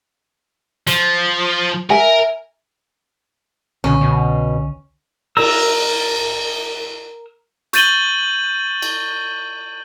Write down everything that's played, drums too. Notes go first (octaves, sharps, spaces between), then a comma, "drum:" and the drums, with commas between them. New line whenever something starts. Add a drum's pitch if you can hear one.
F3, drum: hi-hat
A#4 E5 G#5
C2 B2 D3 C#4
B2
A#4 E6, drum: cymbal
C#6 G6 A6 D#7 F#7 G7, drum: hi-hat
drum: cymbal